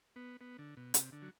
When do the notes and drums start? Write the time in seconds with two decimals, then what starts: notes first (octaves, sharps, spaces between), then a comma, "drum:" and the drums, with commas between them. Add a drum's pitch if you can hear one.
0.16 B3
0.41 B3
0.58 D3
0.77 B2
0.94 C3, drum: hi-hat
1.12 D3
1.22 F#3